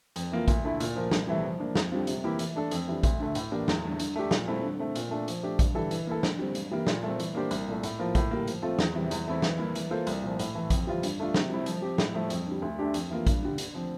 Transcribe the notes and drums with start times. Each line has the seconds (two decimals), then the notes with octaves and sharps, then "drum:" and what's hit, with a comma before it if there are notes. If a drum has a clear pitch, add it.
0.16 F2, drum: hi-hat
0.32 E3 A#3 F4
0.48 D2, drum: kick A#1, hi-hat
0.64 D3 A3 E4
0.80 A#2, drum: hi-hat
0.96 F3 A#3 F4 A#4
1.11 C2, drum: snare
1.27 C3 E3 A3
1.44 F3
1.60 A#3 D4
1.75 F2, drum: snare
1.92 D3 G3 C4 F4
2.07 C3, drum: hi-hat
2.24 E3 A#3 E4 G4
2.39 E3, drum: hi-hat
2.56 A3 D4 A4
2.71 F2, drum: hi-hat
2.88 E3 G3 D4
3.03 D2, drum: kick A#1, hi-hat
3.20 D3 A3
3.35 A2, drum: hi-hat
3.52 E3 A#3 D4 G4
3.68 E2, drum: snare
3.83 D3 A3
3.99 D3, drum: hi-hat
4.16 A3 D4 G4
4.31 A#2, drum: snare
4.48 A3 C4 E4
4.63 D3
4.79 A3 C4
4.95 A#2, drum: hi-hat
5.11 A3 D4
5.28 F3, drum: hi-hat
5.43 A3 D4 G4
5.59 G2, drum: kick A#1, hi-hat
5.75 E3 G3 D4 A4
5.91 E3, drum: hi-hat
6.07 A#3 E4 A4
6.23 D3, drum: snare
6.39 G3 C4
6.55 G2, drum: hi-hat
6.71 E3 G3 A#3
6.87 A#2, drum: snare
7.03 A3 C4
7.20 E3, drum: hi-hat
7.35 A#3 D4 G4 C5
7.51 C2, drum: hi-hat
7.67 A#2 A3
7.83 A2, drum: hi-hat
7.99 F3 A#3 F4 A#4
8.15 A2, drum: kick A#1, hi-hat
8.31 G3 A#3
8.47 F3, drum: hi-hat
8.62 A3 C4 F4 A4
8.79 E2, drum: snare
8.95 C3 E3
9.11 E2, drum: hi-hat
9.27 E3 A3 C4 E4
9.42 E3, drum: snare
9.59 A#3 E4
9.75 E3, drum: hi-hat
9.90 A#3 F4 A4 C5
10.07 C2, drum: hi-hat
10.22 A#2 F3
10.39 A2, drum: hi-hat
10.55 E3 A3
10.70 F2, drum: kick A#1, hi-hat
10.87 E3 G3 C4 F4
11.03 G2, drum: hi-hat
11.19 D3 A3 D4 F4
11.34 C3, drum: snare
11.50 G3 C4 E4
11.66 F3, drum: hi-hat
11.82 C4 G4
11.98 A2, drum: snare
12.14 F3 A3
12.30 F2, drum: hi-hat
12.47 D3 G3
12.62 D2
12.79 D3 A3 D4 G4
12.94 F2, drum: hi-hat
13.10 E3 A#3 F4
13.27 G2, drum: kick A#1, hi-hat
13.43 D3 G3
13.58 D3, drum: hi-hat
13.75 F3 C4